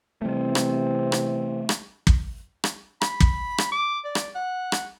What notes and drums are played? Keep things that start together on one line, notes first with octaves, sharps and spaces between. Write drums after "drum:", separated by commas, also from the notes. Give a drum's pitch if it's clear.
C3 E3 G3 A3 C4
drum: rim click
drum: rim click
drum: rim click
drum: kick
drum: rim click
B5, drum: rim click
drum: kick
drum: rim click
D6
D5
drum: rim click
F#5
drum: rim click